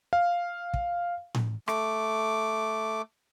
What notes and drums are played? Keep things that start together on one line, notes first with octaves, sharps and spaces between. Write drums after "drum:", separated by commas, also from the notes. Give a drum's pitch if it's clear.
F5
drum: kick
drum: tom A2
A3 D6, drum: rim click